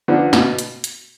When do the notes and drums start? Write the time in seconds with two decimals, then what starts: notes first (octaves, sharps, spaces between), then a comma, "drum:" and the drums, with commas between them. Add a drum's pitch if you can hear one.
0.08 D3 F3 B3 D4
0.33 B2, drum: snare
0.59 drum: hi-hat
0.84 drum: hi-hat